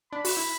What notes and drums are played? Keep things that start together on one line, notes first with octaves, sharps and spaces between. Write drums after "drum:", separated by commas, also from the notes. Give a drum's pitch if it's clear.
D4 B5
F#4, drum: open hi-hat
E4